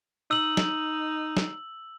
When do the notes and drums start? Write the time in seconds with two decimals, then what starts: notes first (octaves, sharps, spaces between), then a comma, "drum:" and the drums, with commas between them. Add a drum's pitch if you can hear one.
0.31 D#4 E6 F#7
0.57 drum: snare
1.37 drum: snare